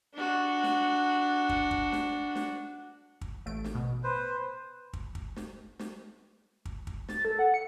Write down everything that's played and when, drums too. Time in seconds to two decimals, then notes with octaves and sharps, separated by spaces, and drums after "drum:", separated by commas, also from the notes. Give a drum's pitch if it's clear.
0.14 D4 F#4
0.63 drum: snare
1.49 drum: kick
1.71 drum: kick
1.92 drum: snare
2.35 drum: snare
3.21 drum: kick
3.46 A1 A3 D7
3.64 drum: snare
3.75 B2
4.03 B4 C5
4.93 drum: kick
5.15 drum: kick
5.36 drum: snare
5.79 drum: snare
6.65 drum: kick
6.87 drum: kick
7.08 A6, drum: snare
7.25 A4
7.39 F#5
7.54 C#7